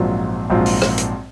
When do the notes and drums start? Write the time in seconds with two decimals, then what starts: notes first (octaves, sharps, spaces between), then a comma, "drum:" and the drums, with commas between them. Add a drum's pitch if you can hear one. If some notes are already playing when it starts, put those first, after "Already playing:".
Already playing: A#1 G#2 F#3 C4 F4
0.50 A#1 G#2 F#3 C4 F4
0.66 drum: open hi-hat
0.82 drum: rim click
0.98 drum: hi-hat